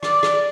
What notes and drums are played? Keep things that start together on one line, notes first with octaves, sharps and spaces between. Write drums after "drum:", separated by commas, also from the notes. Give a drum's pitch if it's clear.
D5, drum: rim click
drum: rim click